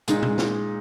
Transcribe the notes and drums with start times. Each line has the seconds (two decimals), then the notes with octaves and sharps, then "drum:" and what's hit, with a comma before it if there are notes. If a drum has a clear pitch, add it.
0.08 A#2 G#3 D#4, drum: hi-hat
0.22 drum: tom A#2
0.38 drum: snare